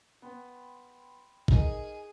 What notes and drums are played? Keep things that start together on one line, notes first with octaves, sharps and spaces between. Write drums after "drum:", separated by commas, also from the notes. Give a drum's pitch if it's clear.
B3 G5 B5 C6
D#4 G#4 A#4, drum: kick A1